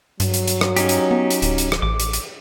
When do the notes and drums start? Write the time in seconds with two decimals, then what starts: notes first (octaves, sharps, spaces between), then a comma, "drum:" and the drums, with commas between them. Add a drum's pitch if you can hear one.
0.20 G2 F#3, drum: hi-hat
0.34 drum: hi-hat
0.48 drum: hi-hat
0.61 drum: rim click
0.77 C#4 D#4 G4, drum: hi-hat
0.89 drum: hi-hat
1.11 B3
1.30 drum: hi-hat
1.42 D1, drum: hi-hat
1.58 drum: hi-hat
1.72 drum: rim click
1.82 A1 D6
2.00 drum: hi-hat
2.13 drum: hi-hat